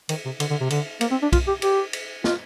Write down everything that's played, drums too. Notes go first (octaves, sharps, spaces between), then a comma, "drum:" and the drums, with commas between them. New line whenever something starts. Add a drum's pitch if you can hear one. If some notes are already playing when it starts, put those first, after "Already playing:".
D#3, drum: cymbal
C3
D3, drum: cymbal
D3
C3
D3, drum: cymbal
A#3, drum: cymbal
C4
D4
F4, drum: kick B1, cymbal
G4
G4, drum: cymbal
drum: cymbal
F4, drum: snare